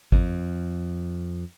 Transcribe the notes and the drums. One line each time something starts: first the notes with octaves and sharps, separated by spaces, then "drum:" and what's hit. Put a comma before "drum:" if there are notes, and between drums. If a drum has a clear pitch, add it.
F2, drum: kick G#1